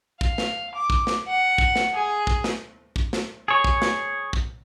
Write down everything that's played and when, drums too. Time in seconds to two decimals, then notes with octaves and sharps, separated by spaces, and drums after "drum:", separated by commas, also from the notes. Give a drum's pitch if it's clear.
0.21 F5, drum: kick
0.38 drum: snare
0.75 D6
0.90 drum: kick
1.07 drum: snare
1.27 F#5
1.58 drum: kick
1.76 drum: snare
1.94 G#4
2.27 drum: kick
2.44 drum: snare
2.96 drum: kick
3.13 drum: snare
3.48 G#4 C#5
3.64 drum: kick
3.82 drum: snare
4.33 drum: kick